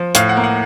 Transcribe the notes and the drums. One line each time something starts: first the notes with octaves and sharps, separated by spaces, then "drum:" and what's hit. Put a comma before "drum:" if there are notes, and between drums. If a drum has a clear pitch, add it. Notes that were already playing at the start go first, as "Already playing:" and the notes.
Already playing: F3
A2 F5, drum: hi-hat
F#5
A#3
F#5